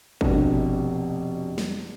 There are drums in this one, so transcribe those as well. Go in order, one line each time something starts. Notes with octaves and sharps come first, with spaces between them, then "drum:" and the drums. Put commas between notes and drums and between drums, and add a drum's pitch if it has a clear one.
F1 B2 D4, drum: kick G1
drum: snare